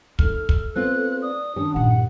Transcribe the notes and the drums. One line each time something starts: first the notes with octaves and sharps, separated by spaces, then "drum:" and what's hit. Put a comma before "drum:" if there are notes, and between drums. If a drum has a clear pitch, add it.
A3 D#4 A4 F6, drum: kick
drum: kick
B3 C4 F4 F#6
D5 D#6
D#3 C#4 D4 G4
G2 A#2 F#5